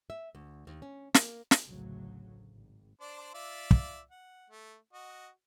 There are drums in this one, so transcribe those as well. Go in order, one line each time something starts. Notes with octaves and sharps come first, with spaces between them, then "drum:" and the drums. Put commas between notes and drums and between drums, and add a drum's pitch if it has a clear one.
E5
D2
D#2
C#4
A#3, drum: snare
drum: snare
A1 D2 C#3 F#3
G#1
D4 C5 D5
F4 D5 E5
drum: kick
F#5
A3
F#4 D#5